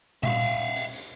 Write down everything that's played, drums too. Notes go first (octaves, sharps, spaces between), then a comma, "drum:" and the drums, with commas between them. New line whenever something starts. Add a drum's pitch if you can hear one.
E5 F5, drum: tom A#2
drum: hi-hat
drum: hi-hat
drum: hi-hat